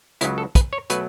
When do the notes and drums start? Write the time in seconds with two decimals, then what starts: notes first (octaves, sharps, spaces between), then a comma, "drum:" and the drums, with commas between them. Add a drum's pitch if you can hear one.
0.21 C#2 C#3 F#3 E4, drum: hi-hat
0.38 A4
0.55 B4, drum: kick, hi-hat
0.73 C#5
0.90 B2 F#3 A3 B4, drum: hi-hat